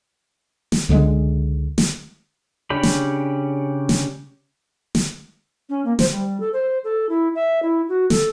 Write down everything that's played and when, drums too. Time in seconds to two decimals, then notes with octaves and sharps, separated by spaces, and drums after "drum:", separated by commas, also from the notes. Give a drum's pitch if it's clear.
0.72 drum: snare
0.89 C#2 D3 G3 G#3
1.78 drum: snare
2.70 C#3 C#4 D4 G4 B5
2.83 drum: snare
3.89 drum: snare
4.95 drum: snare
5.70 C#4
5.85 A#3
5.99 C5, drum: snare
6.11 G3
6.40 A4
6.53 C5
6.84 A4
7.09 E4
7.35 E5
7.63 E4
7.89 F#4
8.10 A4, drum: snare